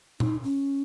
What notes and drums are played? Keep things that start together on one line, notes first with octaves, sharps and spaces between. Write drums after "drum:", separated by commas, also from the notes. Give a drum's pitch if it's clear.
D#4, drum: tom A#2
C#4